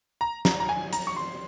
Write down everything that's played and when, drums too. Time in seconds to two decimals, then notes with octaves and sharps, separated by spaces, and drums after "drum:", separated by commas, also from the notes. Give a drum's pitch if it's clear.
0.21 A#5
0.45 A#5, drum: snare
0.60 A#5
0.69 G#5
0.93 A#5, drum: hi-hat
1.07 C#6
1.16 C6